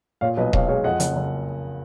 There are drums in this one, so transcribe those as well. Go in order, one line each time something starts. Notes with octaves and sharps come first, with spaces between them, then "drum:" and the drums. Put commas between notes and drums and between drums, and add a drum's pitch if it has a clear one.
A#2 C#5 F5
B1 B4 D#5
B1 C#5 F5, drum: kick D#1
D#5
G#3 C#5 F5
F2 D#5 F#5
F#1, drum: hi-hat
F#1